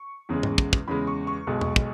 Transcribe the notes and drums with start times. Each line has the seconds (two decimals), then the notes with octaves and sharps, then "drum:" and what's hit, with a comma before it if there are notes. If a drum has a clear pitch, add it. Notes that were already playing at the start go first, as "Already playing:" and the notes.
Already playing: C#6
0.29 E2 C#3 G#3
0.43 drum: tom G#2
0.58 drum: kick
0.73 drum: kick
0.88 E2 C#3 G#3 B5
1.07 C#6
1.27 C#6
1.47 B1 B2 G#3
1.61 drum: tom E2
1.76 drum: kick